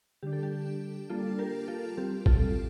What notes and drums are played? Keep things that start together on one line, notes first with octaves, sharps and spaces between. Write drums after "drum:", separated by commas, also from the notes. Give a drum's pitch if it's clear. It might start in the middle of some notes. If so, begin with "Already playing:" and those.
D3 G3 D4 G4
A4
G4
G3 A#3 D4 F4 A4
G4 A#4
F4 A4
G3 C4 G4
F4 A4, drum: kick G#1